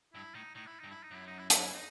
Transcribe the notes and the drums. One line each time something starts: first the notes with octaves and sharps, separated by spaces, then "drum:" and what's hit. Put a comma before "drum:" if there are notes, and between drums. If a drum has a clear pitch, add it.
G2 E4
A2 D#4
A2 D#4
E4
G2 D#4
E4
D#4
F#2 E4
D#4
E4
D#4, drum: hi-hat
E4
D#4